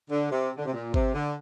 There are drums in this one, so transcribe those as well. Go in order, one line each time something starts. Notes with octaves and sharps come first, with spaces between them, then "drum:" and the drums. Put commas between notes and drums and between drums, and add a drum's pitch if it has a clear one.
D3
C3
D3
C3
A#2
C3, drum: kick G#1
D3